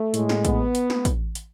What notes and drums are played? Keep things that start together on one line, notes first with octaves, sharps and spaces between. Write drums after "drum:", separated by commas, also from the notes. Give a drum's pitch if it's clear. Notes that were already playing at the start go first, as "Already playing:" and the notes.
Already playing: A3
A2 G#3, drum: hi-hat
drum: snare
B3, drum: kick, hi-hat
drum: hi-hat
drum: snare
drum: kick, hi-hat
drum: hi-hat